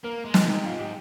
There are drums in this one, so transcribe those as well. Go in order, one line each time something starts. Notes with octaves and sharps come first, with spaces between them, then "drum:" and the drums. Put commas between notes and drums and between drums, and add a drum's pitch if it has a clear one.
A#3 A#4
G#3
D#4, drum: snare
C3
D#4
G#2 F4
G4